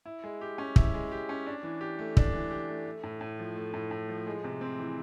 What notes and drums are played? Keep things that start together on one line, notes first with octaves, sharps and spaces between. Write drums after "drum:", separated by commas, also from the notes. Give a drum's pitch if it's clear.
E4
G#3
G4
C#4
E4, drum: kick
G#3
G4
C#4
D4
E3
G4
A3
D4, drum: kick
E3
G4
A3
A3
A2
A2
F3
A3
A2
A2
F3
G#3
C3
C4
E3